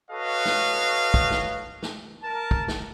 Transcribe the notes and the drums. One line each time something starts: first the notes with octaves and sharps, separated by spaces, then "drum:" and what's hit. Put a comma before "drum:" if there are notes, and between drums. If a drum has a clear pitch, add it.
F#4 A4 B4 C#5 D#5 F5
drum: snare
drum: kick
drum: snare
drum: snare
A#4 A5
drum: kick
drum: snare